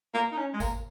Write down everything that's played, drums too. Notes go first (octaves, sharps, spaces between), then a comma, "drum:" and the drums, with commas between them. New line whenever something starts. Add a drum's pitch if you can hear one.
A#3
D#4
C#4
G#3
A#3, drum: kick G#1, tambourine